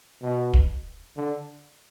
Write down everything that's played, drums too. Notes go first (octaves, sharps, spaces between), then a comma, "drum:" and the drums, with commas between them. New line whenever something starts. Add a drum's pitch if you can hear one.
B2
drum: kick
D3